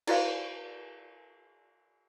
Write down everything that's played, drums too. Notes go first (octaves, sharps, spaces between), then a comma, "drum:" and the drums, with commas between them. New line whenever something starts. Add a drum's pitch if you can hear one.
D#4 E4 F#4 C5 D5 F5, drum: cymbal